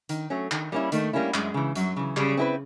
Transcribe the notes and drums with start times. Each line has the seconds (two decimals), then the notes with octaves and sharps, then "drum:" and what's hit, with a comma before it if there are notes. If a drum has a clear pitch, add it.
0.09 D#3, drum: hi-hat
0.30 F#3 A3 C#4
0.51 D#3, drum: clap
0.72 G3 A#3 C#4 E4
0.92 D#3 A3, drum: hi-hat
1.13 G3 A#3 C#4 E4
1.34 F#2 G#3, drum: clap
1.54 C#3 E3
1.76 F#2 F#3, drum: hi-hat
1.97 C#3 E3
2.17 C#3 G3, drum: clap
2.37 C4 E4 G#4 B4